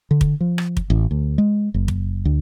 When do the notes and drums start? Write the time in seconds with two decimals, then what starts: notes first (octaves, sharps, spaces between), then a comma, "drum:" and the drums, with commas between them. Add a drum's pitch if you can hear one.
0.11 D3
0.21 drum: kick
0.41 F3
0.58 drum: rim click
0.77 drum: kick
0.90 A1
1.11 D2
1.38 G#3
1.74 F#1
1.88 drum: kick
2.25 D2